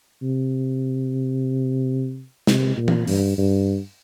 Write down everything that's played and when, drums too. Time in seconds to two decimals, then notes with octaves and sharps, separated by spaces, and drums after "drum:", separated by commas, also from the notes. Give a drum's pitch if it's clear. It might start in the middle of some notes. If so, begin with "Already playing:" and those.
0.22 C3
2.47 C3, drum: snare
2.77 A#2
2.88 drum: tom E3
3.07 G2, drum: open hi-hat
3.38 G2